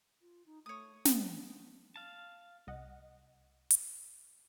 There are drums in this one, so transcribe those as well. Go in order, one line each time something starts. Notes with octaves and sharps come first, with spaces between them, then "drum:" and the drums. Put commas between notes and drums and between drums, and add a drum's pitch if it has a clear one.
F4
D#4
A3 C#5 D#6
C5, drum: snare
B3
F5 A5
C2 D#5 F#5
drum: hi-hat